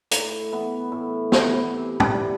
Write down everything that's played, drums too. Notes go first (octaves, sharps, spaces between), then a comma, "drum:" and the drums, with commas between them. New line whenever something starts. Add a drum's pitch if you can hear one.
A2, drum: hi-hat
E3 B3
A2
E3 B3, drum: snare
C3
drum: tom
E3 G3